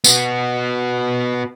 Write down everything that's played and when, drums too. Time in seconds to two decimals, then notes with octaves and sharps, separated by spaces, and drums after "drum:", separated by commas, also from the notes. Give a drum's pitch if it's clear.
0.04 B3 F#4, drum: tambourine